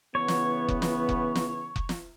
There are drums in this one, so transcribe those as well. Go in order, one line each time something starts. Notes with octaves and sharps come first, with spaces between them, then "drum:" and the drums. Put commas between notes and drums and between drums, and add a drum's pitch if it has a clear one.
C#3 E3 B3 C#5
drum: snare
drum: kick F1
drum: snare
drum: kick F1
drum: snare
drum: kick F1
drum: snare